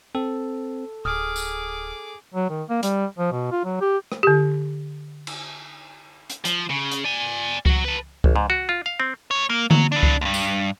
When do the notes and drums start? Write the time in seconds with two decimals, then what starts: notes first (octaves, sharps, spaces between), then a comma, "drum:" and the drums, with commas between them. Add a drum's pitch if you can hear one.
0.15 C4 A4
1.05 D1 G#4 D6 D#6 F6
1.36 drum: tambourine
2.34 F#3
2.50 D#3
2.69 A#3
2.83 G3, drum: hi-hat
3.18 F3
3.32 B2
3.52 F4
3.65 F#3
3.81 G4
4.12 drum: rim click
4.23 D3 G4
5.27 drum: cymbal
6.30 drum: hi-hat
6.45 F3, drum: hi-hat
6.70 C#3
6.92 drum: hi-hat
7.05 D5 G#5
7.66 F#3 F#4, drum: kick C#2
7.85 A4 B4
8.24 A1, drum: kick C#2
8.36 G#2
8.50 F#4
8.69 F4
8.86 F5
9.00 C4
9.31 A3 C#5
9.50 A#3
9.71 F#3, drum: tom D3
9.92 E3 D4
10.03 drum: kick C#2
10.21 D2 G2
10.34 drum: tambourine